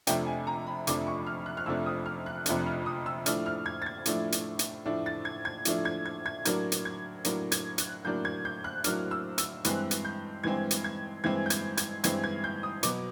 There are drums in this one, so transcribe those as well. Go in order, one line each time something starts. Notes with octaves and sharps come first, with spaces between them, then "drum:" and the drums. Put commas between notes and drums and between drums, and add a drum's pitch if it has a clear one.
F2 C3 F3 A3 D4 G5, drum: hi-hat
G#5
A#5
B5
F2 C3 F3 A3 D4 D6, drum: hi-hat
C#6
F6
F#6
F6
F2 C3 F3 A3 D4 E6
D#6
F6
F#6
F2 C3 F3 A3 D4 F#6, drum: hi-hat
F6
D#6
E6
A2 F3 A3 D4 F6, drum: hi-hat
F6
G#6
A6
G#6
A2 F3 A3 D4, drum: hi-hat
drum: hi-hat
drum: hi-hat
A2 F3 A3 D4
A6
G#6
G#6
A2 F3 A3 D4, drum: hi-hat
G#6
G#6
G#6
A2 F#3 A#3 D4 G#6, drum: hi-hat
drum: hi-hat
G#6
A2 F#3 A#3 D4, drum: hi-hat
G#6, drum: hi-hat
F#6, drum: hi-hat
A2 F#3 A#3 D4 G6
G#6
G6
F#6
A2 F#3 A#3 D4 F6, drum: hi-hat
E6
E6, drum: hi-hat
G2 E3 G#3 C4 F#6, drum: hi-hat
drum: hi-hat
G6
G2 E3 G#3 C4 G#6
drum: hi-hat
G#6
G2 E3 G#3 C4 G#6
G6
G#6, drum: hi-hat
G#6, drum: hi-hat
G2 E3 G#3 C4 G#6, drum: hi-hat
G#6
G6
D#6
B2 F#3 B3 D6, drum: hi-hat